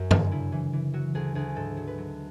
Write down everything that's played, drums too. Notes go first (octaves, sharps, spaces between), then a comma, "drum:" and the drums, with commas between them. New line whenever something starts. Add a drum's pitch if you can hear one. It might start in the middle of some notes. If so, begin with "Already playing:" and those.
Already playing: F#2 F#4
D3, drum: tom
C#3 E4
E3
E3
F#3 F#4
D2 G#4
D2 G#4
G#2 A4
F#3
B4
F#3